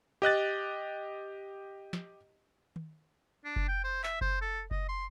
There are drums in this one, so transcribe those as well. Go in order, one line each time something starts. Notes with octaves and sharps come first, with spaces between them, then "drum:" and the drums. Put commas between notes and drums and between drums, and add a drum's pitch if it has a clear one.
G4 D#5 F#6 A6
drum: snare
drum: tom D#3
D4
drum: kick F#1
G5
C5
E5, drum: clap
C5, drum: kick F#1
A4
D#5, drum: kick F#1
C6